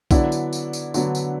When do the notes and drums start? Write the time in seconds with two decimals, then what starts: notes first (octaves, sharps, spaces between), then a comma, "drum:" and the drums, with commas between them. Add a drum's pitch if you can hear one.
0.11 D3 F#3 B3 D4 E4, drum: kick B1, tambourine
0.32 drum: tambourine
0.53 drum: tambourine
0.73 drum: tambourine
0.94 D3 F#3 B3 D4, drum: tambourine
1.15 drum: tambourine